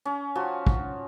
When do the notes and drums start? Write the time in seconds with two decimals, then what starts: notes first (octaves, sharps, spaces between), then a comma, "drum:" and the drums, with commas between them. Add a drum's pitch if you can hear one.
0.05 C#4
0.35 F3 F#4 G#5
0.67 drum: kick